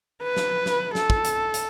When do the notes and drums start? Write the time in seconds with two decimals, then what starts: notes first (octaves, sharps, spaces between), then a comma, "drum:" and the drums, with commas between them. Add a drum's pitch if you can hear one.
0.23 B4
0.36 drum: snare
0.66 drum: snare
0.95 A4, drum: snare
1.10 drum: kick
1.24 drum: hi-hat
1.54 drum: hi-hat